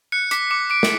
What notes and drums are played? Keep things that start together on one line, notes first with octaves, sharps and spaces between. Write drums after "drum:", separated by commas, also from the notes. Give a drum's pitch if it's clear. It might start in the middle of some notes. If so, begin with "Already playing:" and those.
F#6 C#7
D6 B6, drum: hi-hat
D6 C#7
D6 D7
drum: snare